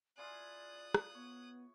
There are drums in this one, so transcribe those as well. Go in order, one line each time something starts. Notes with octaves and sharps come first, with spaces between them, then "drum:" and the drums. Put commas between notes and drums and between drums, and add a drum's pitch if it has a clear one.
E4 F4 G#4 D5 D#6 F#6
drum: rim click
B3 C#5